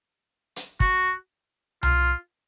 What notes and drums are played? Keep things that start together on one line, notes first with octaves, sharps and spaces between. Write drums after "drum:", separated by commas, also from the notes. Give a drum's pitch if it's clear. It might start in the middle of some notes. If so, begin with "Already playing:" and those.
drum: hi-hat
F#4, drum: kick
F4, drum: tom C2